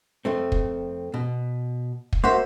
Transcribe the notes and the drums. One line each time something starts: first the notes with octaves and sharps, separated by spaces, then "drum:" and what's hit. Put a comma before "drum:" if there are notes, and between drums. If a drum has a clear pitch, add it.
F2 A3 C4
drum: kick
B2
drum: kick
A#3 F#4 C5 E5